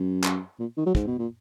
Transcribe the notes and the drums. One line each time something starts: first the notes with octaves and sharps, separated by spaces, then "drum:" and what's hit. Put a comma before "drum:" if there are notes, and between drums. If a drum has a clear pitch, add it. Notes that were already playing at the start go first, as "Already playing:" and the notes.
Already playing: F#2
drum: clap
A#2
D#3
F#3
G#2, drum: kick
B2
A#2